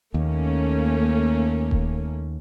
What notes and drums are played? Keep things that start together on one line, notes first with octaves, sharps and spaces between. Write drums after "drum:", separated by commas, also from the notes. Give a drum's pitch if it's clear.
D#2 A3 A#3 C#4
drum: kick D#1